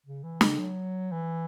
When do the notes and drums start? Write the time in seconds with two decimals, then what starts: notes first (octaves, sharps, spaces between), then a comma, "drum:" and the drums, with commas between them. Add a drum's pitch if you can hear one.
0.06 C#3
0.24 E3
0.41 C#3, drum: snare
0.59 F#3
1.12 E3